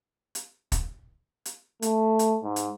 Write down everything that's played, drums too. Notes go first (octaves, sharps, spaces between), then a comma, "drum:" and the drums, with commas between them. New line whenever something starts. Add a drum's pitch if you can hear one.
drum: hi-hat
drum: kick, hi-hat
drum: hi-hat
A3, drum: hi-hat
drum: hi-hat
G#2
drum: hi-hat